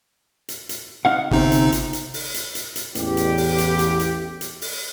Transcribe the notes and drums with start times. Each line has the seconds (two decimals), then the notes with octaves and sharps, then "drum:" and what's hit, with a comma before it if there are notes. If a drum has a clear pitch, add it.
0.49 drum: hi-hat
0.69 drum: hi-hat
1.05 D#4 F5 F#5
1.31 G1 C3 C4 D#4
1.52 drum: hi-hat
1.72 drum: hi-hat
1.93 drum: hi-hat
2.14 drum: open hi-hat
2.34 drum: hi-hat
2.55 drum: hi-hat
2.76 drum: hi-hat
2.95 A1 E2 G4, drum: hi-hat
3.17 drum: hi-hat
3.38 drum: open hi-hat
3.58 drum: hi-hat
3.79 drum: hi-hat
4.00 drum: hi-hat
4.41 drum: hi-hat
4.61 drum: open hi-hat